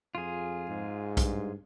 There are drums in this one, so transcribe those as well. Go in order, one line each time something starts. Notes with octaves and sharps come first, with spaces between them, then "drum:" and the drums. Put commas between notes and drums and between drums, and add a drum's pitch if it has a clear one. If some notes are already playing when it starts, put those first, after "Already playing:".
F2 F4 G#4
G#2
G2, drum: kick B1, hi-hat